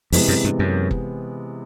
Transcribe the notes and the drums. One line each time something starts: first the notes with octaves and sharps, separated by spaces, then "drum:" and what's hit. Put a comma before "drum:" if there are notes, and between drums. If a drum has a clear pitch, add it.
F2 C3 E3 G#3 B3, drum: open hi-hat
F#2
G2
F#2
drum: kick F#1